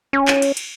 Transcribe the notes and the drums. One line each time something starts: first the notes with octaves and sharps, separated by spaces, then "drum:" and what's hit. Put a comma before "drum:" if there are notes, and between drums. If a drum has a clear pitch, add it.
C#4
drum: clap
drum: cymbal
drum: cymbal